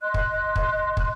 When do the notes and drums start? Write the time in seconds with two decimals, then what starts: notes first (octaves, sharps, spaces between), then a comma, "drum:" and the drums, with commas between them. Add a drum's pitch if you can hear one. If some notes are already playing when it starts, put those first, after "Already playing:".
0.01 D#5 C6 F#6
0.14 drum: kick
0.56 drum: kick
0.97 drum: kick